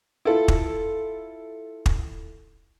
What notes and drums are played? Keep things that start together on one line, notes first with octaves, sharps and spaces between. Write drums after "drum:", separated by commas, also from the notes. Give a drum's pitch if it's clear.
E4 F4 A4
drum: kick
drum: kick